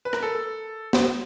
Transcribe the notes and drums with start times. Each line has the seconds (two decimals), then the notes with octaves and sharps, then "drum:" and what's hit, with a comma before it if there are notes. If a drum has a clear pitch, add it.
0.05 B4
0.13 A#4, drum: rim click
0.23 A4
0.93 drum: snare